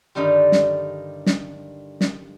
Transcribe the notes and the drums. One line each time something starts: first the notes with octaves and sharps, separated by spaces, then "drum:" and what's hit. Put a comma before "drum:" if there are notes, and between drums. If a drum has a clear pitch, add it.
G2 D3 D#3 G3
drum: snare
drum: snare
drum: snare